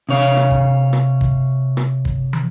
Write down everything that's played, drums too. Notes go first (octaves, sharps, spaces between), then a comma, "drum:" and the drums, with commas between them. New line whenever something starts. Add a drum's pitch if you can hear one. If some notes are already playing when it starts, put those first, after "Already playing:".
C3 C#5 F5
drum: rim click
drum: kick
drum: rim click
drum: kick
drum: rim click
drum: kick
drum: tom